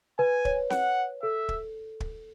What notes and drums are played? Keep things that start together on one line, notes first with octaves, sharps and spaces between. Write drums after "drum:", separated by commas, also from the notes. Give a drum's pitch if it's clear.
B4 G#5
C#5, drum: kick
B4 F#5, drum: snare C4
A4 E5
drum: kick
drum: kick